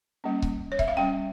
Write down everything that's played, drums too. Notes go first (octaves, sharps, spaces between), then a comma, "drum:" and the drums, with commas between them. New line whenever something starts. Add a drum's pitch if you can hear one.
G3 A#3 C#4
drum: kick C#1
C#5
E5, drum: kick C#1
F5
G3 C#4 G5